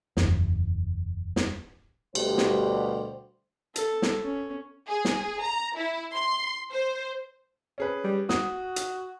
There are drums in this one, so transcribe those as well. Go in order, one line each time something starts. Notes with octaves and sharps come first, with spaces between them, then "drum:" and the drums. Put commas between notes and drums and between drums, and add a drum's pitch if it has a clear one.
F#1 E2, drum: snare
drum: snare
D2 B2 G3 G4 C5, drum: cymbal
drum: snare
A4, drum: hi-hat
drum: snare
C#4
G#4
drum: snare
A#5
E4
C6
C5
C#4 G#4 B4
G3
F#4 D#6, drum: snare
drum: hi-hat